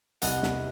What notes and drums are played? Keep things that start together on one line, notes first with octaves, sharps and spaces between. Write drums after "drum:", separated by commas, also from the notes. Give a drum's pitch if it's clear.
C2 D#5 F#5, drum: hi-hat
C2, drum: snare